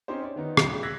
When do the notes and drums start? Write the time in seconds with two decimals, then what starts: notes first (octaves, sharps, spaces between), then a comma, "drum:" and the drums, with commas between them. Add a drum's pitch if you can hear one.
0.08 C4 C#4 D#4 G4 C5
0.23 C#5 D5
0.36 D#3 B3 D#4
0.57 D#1 D2 C#3 G4, drum: rim click
0.83 E6 F#6 G#6 A#6 B6